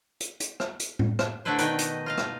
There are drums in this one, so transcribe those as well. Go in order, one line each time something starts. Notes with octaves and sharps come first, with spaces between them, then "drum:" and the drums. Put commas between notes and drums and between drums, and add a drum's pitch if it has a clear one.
drum: hi-hat
drum: hi-hat
drum: rim click
drum: hi-hat
drum: tom A2
drum: rim click
D3 A3 D4 E4 B4 C5
B2 D#3 D4 D#4 B4 G5, drum: hi-hat
D#5, drum: hi-hat
F4 D#5 F5
drum: rim click